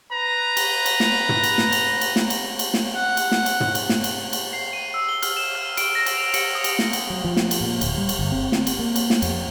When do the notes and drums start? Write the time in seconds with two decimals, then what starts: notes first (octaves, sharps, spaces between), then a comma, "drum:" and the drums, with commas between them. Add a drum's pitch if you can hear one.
0.11 B4 A#5
0.57 drum: cymbal
0.86 drum: cymbal
1.00 drum: snare
1.29 drum: tom
1.44 drum: cymbal
1.58 drum: snare
1.72 drum: cymbal
2.01 drum: cymbal
2.16 drum: snare
2.30 drum: cymbal
2.59 drum: cymbal
2.74 drum: snare
2.95 F#5
3.17 drum: cymbal
3.32 drum: snare
3.46 drum: cymbal
3.60 drum: tom
3.75 drum: cymbal
3.89 drum: snare
4.04 drum: cymbal
4.33 drum: cymbal
4.53 C7
4.73 D#7
4.94 E6
5.09 G7
5.23 F6, drum: cymbal
5.37 E7
5.55 F6
5.77 D7, drum: cymbal
5.95 A#6
6.06 drum: cymbal
6.17 F7
6.34 C#7, drum: cymbal
6.55 D#6
6.64 drum: cymbal
6.79 drum: snare
6.93 drum: cymbal
7.10 F#3
7.25 F3
7.37 drum: snare
7.51 drum: cymbal
7.61 A#2
7.81 D1, drum: cymbal
7.98 G3
8.09 drum: cymbal
8.19 G1
8.32 C4
8.52 drum: snare
8.67 drum: cymbal
8.79 A#3
8.96 drum: cymbal
9.10 drum: snare
9.22 F2, drum: cymbal